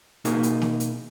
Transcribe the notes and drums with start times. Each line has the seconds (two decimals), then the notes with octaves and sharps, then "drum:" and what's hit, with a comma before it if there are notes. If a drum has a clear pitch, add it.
0.25 B2 A#3 D#4 E4 G#4, drum: hi-hat
0.43 drum: hi-hat
0.62 drum: snare
0.80 drum: hi-hat